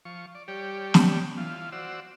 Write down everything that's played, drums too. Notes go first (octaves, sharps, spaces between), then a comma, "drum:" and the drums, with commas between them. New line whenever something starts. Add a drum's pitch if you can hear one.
F3 C#6
D5
G3 G4 C#5 D5
drum: snare
E3 F4
F#4 C5 D5 E6